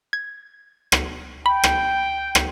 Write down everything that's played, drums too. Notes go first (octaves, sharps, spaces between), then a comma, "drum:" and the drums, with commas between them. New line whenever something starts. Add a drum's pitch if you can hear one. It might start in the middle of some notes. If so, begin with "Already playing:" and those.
G#6
drum: rim click
G5 B5
drum: rim click
drum: rim click